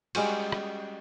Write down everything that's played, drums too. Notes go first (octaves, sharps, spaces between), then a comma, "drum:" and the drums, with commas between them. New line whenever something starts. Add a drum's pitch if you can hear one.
G3 G#3 C#4 F#4, drum: cymbal
drum: rim click